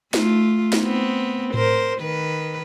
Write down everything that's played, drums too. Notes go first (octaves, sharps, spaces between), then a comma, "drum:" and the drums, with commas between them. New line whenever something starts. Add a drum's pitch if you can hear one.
A3 F4, drum: snare
drum: snare
B3 C4
A#4 C5, drum: tom A2
D#3 B4